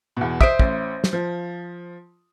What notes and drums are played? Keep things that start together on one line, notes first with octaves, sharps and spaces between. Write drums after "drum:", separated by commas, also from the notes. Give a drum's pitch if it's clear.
E2 B2
C5 E5 D#6 D7, drum: kick
A1, drum: kick
drum: snare
F3